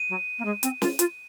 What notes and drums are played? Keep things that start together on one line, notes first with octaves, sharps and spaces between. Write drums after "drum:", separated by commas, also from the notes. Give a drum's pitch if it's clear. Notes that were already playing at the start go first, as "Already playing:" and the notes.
Already playing: D#7
F#3
A#3
G#3
C4, drum: hi-hat
F4, drum: snare
F4, drum: hi-hat